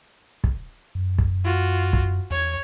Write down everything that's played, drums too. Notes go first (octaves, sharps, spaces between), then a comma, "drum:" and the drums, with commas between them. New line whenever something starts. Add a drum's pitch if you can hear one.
drum: kick
F#2
drum: kick
F4 F#4
drum: kick
E2 C#5 G#6